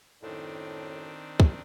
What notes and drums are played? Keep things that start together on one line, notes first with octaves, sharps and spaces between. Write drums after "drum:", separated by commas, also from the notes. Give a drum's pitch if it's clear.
F#2 A2 D#3 C4 D4
drum: kick